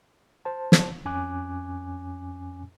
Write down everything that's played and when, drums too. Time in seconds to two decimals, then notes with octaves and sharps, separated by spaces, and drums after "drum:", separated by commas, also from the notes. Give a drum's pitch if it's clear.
0.45 C5 A5
0.72 drum: snare
1.05 F2 C#4 G#5 D6 F#6